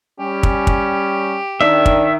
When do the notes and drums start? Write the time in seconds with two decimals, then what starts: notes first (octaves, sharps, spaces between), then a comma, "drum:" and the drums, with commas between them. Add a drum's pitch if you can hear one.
0.20 G3 C#4 G4
0.43 drum: kick
0.67 drum: kick
1.61 D#3 D4 E5
1.86 drum: kick